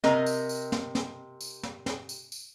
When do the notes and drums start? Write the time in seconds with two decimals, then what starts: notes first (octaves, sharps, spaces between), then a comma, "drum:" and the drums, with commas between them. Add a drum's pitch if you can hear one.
0.04 C3 A#4 D#5, drum: snare
0.26 drum: tambourine
0.49 drum: tambourine
0.72 drum: snare
0.95 drum: snare
1.41 drum: tambourine
1.63 drum: snare
1.86 drum: snare
2.09 drum: tambourine
2.32 drum: tambourine